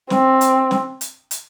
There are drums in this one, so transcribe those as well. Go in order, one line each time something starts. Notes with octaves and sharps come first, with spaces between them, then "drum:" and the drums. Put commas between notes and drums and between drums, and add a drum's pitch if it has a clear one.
C4, drum: snare
drum: hi-hat
drum: snare
drum: hi-hat
drum: hi-hat